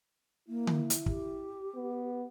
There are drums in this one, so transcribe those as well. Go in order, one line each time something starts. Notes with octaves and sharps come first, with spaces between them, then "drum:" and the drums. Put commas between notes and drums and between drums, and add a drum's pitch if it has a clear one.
A#3 E4
drum: tom D3
drum: hi-hat
G4, drum: kick
B3